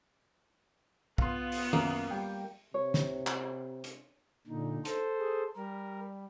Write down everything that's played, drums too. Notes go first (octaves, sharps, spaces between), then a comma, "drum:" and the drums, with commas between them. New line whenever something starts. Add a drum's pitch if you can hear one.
B3 F4 F5 C6, drum: kick
drum: open hi-hat
F#2 A#3, drum: tom D#3
G3 G5
C3 C#5
drum: snare
drum: clap
drum: hi-hat
A#2 D3 D#4
A4 C5, drum: hi-hat
G#4
G3 A#4